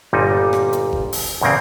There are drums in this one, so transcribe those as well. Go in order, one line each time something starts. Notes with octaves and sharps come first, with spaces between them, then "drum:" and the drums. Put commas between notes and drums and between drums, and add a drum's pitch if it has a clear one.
G1 A#2 G3 D#4
drum: rim click
drum: hi-hat
drum: kick G1
drum: open hi-hat
E2 A#2 C#3 A#3 C4